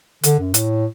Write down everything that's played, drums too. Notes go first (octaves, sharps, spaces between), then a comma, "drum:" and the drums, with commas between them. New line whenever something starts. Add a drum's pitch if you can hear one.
D3, drum: hi-hat
F#2
A2, drum: hi-hat